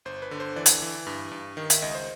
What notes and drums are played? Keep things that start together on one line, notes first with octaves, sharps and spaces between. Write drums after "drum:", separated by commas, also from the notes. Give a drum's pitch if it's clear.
G1 C5
B4
D3
C5
E3 D5
drum: hi-hat
E3
G2
G2
D#3
E5, drum: hi-hat
C#2 D#5
C5